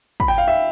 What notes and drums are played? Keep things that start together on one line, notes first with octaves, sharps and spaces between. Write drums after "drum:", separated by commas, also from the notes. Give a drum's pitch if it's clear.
B5, drum: kick
G5
F5
E5